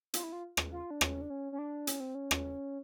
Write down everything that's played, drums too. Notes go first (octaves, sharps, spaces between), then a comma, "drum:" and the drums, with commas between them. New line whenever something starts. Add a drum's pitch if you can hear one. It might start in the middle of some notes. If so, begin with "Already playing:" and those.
F4, drum: hi-hat
E4
F4
drum: rim click
F4
D4
C#4, drum: rim click
D4
C#4
C#4
D4
C#4, drum: hi-hat
C4
C#4
drum: rim click